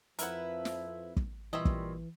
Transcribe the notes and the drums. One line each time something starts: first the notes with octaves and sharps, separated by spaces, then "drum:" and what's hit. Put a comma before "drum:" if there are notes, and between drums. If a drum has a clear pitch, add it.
F2 F3 E4 A#4 B4 E5 F#5, drum: hi-hat
drum: snare
drum: kick
A#2 E3 G3 C4 C#4 D#5 E5 B5
drum: kick